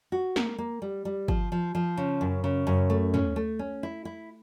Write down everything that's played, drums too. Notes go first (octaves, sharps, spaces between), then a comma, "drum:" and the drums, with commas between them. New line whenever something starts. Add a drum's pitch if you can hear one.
F#4
A#3, drum: snare
A#3
G3
G3
F3, drum: kick G1
F3
F3
C#3
F#2
C#3
F#2
A3
C#4, drum: tom
A3
C#4
E4
E4